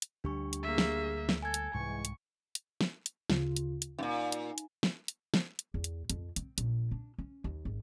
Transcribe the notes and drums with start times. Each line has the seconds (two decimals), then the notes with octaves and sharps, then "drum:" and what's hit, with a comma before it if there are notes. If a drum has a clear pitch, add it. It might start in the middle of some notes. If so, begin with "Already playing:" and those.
0.02 drum: hi-hat
0.24 D2 G3 D4 G4 C#6
0.53 drum: hi-hat
0.63 A#3 G#4 E5
0.78 drum: snare
1.29 drum: snare
1.42 A4 G#5 G#6
1.54 drum: hi-hat
1.74 C2 G#2 E3 G#3 C#6
2.05 drum: hi-hat
2.55 drum: hi-hat
2.81 drum: snare
3.06 drum: hi-hat
3.30 D2 C#3 F4, drum: snare
3.57 drum: hi-hat
3.82 drum: hi-hat
3.99 F#2 A#2 D#4
4.32 drum: hi-hat
4.58 drum: hi-hat
4.83 drum: snare
5.08 drum: hi-hat
5.34 drum: snare
5.59 drum: hi-hat
5.74 E2
5.84 drum: hi-hat
6.10 F2, drum: hi-hat
6.36 C4, drum: hi-hat
6.58 A#1, drum: hi-hat
6.91 D4
7.18 C#4
7.44 D#2
7.65 G#1